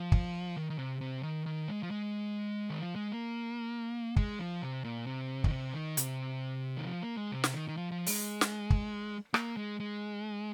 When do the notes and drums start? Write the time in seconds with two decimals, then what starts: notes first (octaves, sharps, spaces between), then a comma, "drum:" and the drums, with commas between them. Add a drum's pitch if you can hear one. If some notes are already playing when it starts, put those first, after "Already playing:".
Already playing: F3
0.12 drum: kick
0.57 D#3
0.70 D#3
0.79 C3
1.01 C3
1.23 D#3
1.46 D#3
1.68 G#3
1.83 F3
1.91 G#3
2.70 D#3
2.81 F3
2.96 G#3
3.12 A#3
4.16 G#3, drum: kick
4.39 F3
4.62 C3
4.84 A#2
5.07 C3
5.44 D#3, drum: kick
5.51 C3
5.73 D#3
5.97 C3, drum: hi-hat
6.77 D#3
6.87 F3
7.02 A#3
7.17 G#3
7.32 C3
7.44 drum: snare
7.54 D#3
7.68 D#3
7.77 F3
7.92 F3
8.06 G#3, drum: open hi-hat
8.41 drum: snare
8.70 drum: kick
9.34 A#3, drum: rim click
9.57 G#3
9.80 G#3